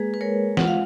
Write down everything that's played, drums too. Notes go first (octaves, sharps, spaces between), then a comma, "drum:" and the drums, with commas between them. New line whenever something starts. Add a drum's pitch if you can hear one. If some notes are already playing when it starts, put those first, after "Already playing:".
Already playing: G#3 A#3 G#4 B4
B4
G#3 A#4 C#5
F4 F#5, drum: snare
F5